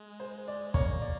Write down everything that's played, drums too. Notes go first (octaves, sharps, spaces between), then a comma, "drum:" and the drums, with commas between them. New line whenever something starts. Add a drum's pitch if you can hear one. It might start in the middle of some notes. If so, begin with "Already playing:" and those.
Already playing: G#3
C5
D5
A#3 C#5, drum: kick
D5